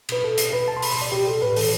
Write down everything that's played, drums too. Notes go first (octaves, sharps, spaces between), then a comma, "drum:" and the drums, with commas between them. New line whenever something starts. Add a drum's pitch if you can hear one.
B2 B4, drum: cymbal
B2 A4
B2, drum: hi-hat
B2 B4
B2 A5
C6
B2 B5, drum: open hi-hat
C6
B2 D5
B2 G4
B2 A4
A2 B4
E3 A4, drum: open hi-hat